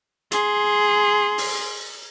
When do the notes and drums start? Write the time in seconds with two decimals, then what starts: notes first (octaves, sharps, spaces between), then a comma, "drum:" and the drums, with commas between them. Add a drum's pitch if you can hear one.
0.32 G#4 C6, drum: hi-hat
1.38 drum: open hi-hat